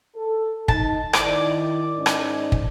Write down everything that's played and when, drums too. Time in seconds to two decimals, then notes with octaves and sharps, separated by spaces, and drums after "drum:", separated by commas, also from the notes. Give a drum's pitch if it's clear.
0.15 A4
0.68 D#4 A5, drum: kick
1.13 D#3 E4 D5 D6, drum: rim click
1.97 G#2 C#4 D#4
2.06 drum: rim click
2.52 drum: kick